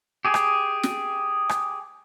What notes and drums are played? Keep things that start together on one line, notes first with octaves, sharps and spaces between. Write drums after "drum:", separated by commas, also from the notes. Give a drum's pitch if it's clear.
G4 G#4
drum: rim click
drum: snare
drum: rim click